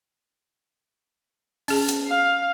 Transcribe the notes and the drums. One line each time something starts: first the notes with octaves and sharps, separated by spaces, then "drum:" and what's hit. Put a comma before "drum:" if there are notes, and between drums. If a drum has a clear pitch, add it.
C#4 G#4 A5, drum: open hi-hat
drum: hi-hat
F5